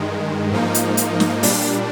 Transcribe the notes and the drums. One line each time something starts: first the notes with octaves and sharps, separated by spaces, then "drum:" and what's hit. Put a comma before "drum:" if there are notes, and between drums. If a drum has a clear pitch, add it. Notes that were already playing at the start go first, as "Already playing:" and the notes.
Already playing: G2 D#3 G#3
G#2 F3 A#3 D#4
drum: hi-hat
drum: hi-hat
drum: snare
A#2 G3 D4, drum: open hi-hat